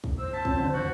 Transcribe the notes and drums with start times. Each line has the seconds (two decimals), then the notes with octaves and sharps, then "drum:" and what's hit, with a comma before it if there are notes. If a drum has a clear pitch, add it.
0.04 drum: kick
0.19 C5 E6
0.33 A5 A6 B6
0.45 F3 C4 C#4, drum: kick
0.60 D3
0.73 F1 D#2 F#4